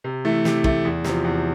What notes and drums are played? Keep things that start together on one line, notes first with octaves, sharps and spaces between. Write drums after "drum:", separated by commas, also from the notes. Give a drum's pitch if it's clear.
C3
E3 A3
C3, drum: snare
E3 A3, drum: kick
E2
C3 F3, drum: snare
E2